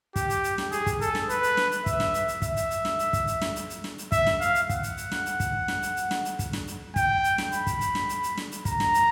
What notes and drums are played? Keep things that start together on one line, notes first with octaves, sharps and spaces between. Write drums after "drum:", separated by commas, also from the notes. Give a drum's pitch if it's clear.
G4, drum: kick, hi-hat
drum: hi-hat
drum: hi-hat
drum: snare
G#4, drum: hi-hat
drum: kick, hi-hat
A4, drum: hi-hat
drum: snare
B4, drum: hi-hat
drum: hi-hat
drum: snare
drum: hi-hat
E5, drum: kick, hi-hat
drum: snare
drum: hi-hat
drum: hi-hat
E5, drum: kick, hi-hat
drum: hi-hat
drum: hi-hat
drum: snare
drum: hi-hat
drum: kick, hi-hat
drum: hi-hat
drum: snare
drum: hi-hat
drum: hi-hat
drum: snare
drum: hi-hat
E5, drum: kick, hi-hat
drum: snare
F5, drum: hi-hat
drum: hi-hat
F#5, drum: kick, hi-hat
drum: hi-hat
drum: hi-hat
drum: snare
drum: hi-hat
drum: kick, hi-hat
drum: snare
drum: hi-hat
drum: hi-hat
drum: snare
drum: hi-hat
drum: kick, hi-hat
drum: snare
drum: hi-hat
G5, drum: kick, hi-hat
drum: hi-hat
drum: snare
B5, drum: hi-hat
drum: kick, hi-hat
drum: hi-hat
drum: snare
drum: hi-hat
drum: hi-hat
drum: snare
drum: hi-hat
A#5, drum: kick, hi-hat
drum: snare
drum: hi-hat